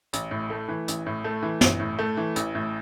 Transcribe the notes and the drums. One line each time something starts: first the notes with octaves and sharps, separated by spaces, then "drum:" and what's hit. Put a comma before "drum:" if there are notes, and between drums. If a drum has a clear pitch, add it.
A1, drum: hi-hat
A2
A3
E3
A1, drum: hi-hat
A2
A3
E3
A1, drum: snare
A2
A3
E3
A1, drum: hi-hat
A2